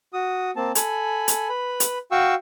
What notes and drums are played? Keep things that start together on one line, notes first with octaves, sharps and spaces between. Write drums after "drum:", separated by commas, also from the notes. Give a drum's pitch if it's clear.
F#4 D#6
A#3 C4 A5
A4 G#5 B5, drum: hi-hat
drum: hi-hat
B4 B5
drum: hi-hat
F#4 F5 G5 C#6 E6